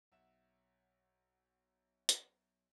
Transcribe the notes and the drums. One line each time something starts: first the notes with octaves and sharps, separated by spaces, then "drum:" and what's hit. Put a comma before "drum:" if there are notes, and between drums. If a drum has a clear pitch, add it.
B1 E5 F#5 E7
drum: hi-hat